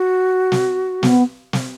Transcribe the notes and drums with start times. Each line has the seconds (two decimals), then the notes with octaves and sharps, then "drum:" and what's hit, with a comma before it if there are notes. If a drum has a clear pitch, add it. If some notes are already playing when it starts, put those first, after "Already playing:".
Already playing: F#4
0.52 drum: snare
1.03 B3, drum: snare
1.53 drum: snare